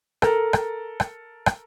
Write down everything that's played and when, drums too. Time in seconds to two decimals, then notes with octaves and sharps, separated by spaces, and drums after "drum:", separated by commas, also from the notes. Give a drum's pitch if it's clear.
0.22 A4 A#4, drum: rim click
0.53 drum: rim click
1.00 drum: rim click
1.46 drum: rim click